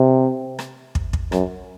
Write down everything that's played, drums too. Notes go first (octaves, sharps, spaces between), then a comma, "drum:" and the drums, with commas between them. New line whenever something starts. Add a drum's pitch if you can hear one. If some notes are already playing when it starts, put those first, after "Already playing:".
Already playing: C3
drum: rim click
drum: kick
drum: kick
F#2, drum: rim click